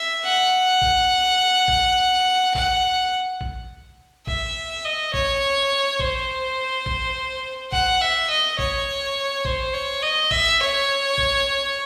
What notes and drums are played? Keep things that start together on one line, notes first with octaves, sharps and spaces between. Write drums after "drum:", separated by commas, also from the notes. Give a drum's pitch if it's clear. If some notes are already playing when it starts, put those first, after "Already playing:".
Already playing: E5
F#5
drum: kick A#1
drum: kick A#1
F#5, drum: kick A#1
drum: kick A#1
E5, drum: kick A#1
D#5
C#5, drum: kick A#1
C5, drum: kick A#1
drum: kick A#1
F#5, drum: kick A#1
E5
D#5
C#5, drum: kick A#1
C5, drum: kick A#1
C#5
D#5
E5, drum: kick A#1
C#5
drum: kick A#1